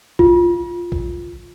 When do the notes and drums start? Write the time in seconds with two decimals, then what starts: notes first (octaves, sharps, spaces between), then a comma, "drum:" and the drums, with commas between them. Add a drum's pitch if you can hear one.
0.19 F4, drum: kick A#1
0.92 drum: kick A#1